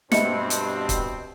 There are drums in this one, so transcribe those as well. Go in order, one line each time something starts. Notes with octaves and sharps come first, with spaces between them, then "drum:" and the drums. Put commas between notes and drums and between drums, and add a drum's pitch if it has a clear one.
G2 B2 C4 D#5 E5 C#7, drum: snare
drum: hi-hat
drum: kick, hi-hat